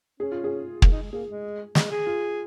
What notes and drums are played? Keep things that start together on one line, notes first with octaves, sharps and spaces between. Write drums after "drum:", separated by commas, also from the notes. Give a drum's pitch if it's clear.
C#4 G#4
F4
G#4
A#3, drum: kick
D#4
G#3
A#3 G#4
G#3
G#3, drum: snare
G#4
F4